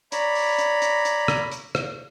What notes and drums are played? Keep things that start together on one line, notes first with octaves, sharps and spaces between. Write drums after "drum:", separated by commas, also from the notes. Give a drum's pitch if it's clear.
C#5 D5 A#5 B5, drum: hi-hat
drum: open hi-hat
drum: hi-hat
drum: hi-hat
drum: hi-hat
drum: rim click
drum: hi-hat
drum: rim click